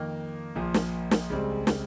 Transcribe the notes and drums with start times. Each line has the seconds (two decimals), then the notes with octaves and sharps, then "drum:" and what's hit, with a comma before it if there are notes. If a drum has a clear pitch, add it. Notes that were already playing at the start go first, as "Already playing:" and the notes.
Already playing: F2 D#3 A#3 A#4
0.55 A#1 A#2 F3
0.74 drum: snare
1.11 drum: snare
1.30 C#2 C#3 G3 C4
1.67 drum: snare